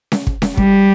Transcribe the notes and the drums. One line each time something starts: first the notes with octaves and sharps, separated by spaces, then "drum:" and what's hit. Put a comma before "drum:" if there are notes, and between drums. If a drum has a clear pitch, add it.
drum: snare C#4
drum: kick
drum: snare C#4
G3, drum: kick